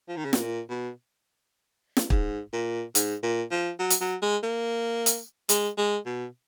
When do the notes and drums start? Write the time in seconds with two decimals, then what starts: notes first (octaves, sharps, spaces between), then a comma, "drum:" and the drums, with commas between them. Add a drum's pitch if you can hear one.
0.09 F3
0.17 D#3
0.25 C#3
0.33 B2, drum: snare
0.41 A#2
0.69 B2
1.97 drum: snare
2.10 G#2, drum: kick
2.53 A#2
2.95 G#2, drum: hi-hat
3.23 A#2
3.51 F3
3.79 F#3
3.90 drum: hi-hat
4.01 F#3
4.22 G#3
4.43 A#3
5.06 drum: hi-hat
5.49 G#3, drum: hi-hat
5.78 G#3
6.06 B2